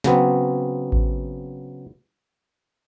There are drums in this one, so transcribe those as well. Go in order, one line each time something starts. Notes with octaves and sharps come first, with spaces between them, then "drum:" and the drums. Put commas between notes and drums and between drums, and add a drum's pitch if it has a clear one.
C#3 F#3 B3 C4, drum: snare
drum: kick A1